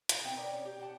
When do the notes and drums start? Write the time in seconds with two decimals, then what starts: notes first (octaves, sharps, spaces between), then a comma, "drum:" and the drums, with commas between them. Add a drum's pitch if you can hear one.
0.09 F#5 G#5 A#5, drum: hi-hat
0.25 C4 D#4
0.37 A#4 C#5 D5
0.50 C#4 C#5
0.65 G4
0.79 G4 F#5 A5